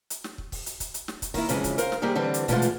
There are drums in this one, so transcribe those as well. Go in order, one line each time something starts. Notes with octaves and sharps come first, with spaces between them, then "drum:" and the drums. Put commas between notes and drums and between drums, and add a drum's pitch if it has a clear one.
drum: hi-hat
drum: snare
drum: kick
drum: kick, open hi-hat
drum: hi-hat
drum: kick, hi-hat
drum: hi-hat
drum: snare
drum: kick, hi-hat
D#3 A#3 E4, drum: kick, open hi-hat
F2 C#3 E3 G#3 G#5, drum: hi-hat
drum: kick, hi-hat
A#4 C5 F5, drum: hi-hat
drum: snare
C3 D#3 G3 A#3 G4 G#4
D3 E3 G3 C4
drum: hi-hat
B2 D3 E3 G#3 A3 F4, drum: kick, hi-hat
drum: hi-hat